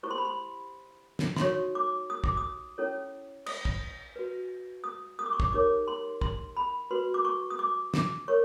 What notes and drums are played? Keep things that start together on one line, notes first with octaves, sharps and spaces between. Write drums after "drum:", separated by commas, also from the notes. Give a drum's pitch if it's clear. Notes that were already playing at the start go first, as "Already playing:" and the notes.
E4 G4 C5 C#6
C6
B5
C6
drum: snare
C6, drum: snare
D#4 F#4 A4 C#5 C#6
D6
D#6
D6, drum: kick
D#6
C#4 E4 A4 C#5
D#6, drum: cymbal
drum: kick
F#4 B4
D#6
D#6
D6
C#6
D6, drum: kick
D#4 G4 A#4 C#5 D6
C6
C6, drum: kick
B5
F#4 B4 C6
D6
C#6
D#6
D6
D6, drum: snare
A#4 C#5 C#6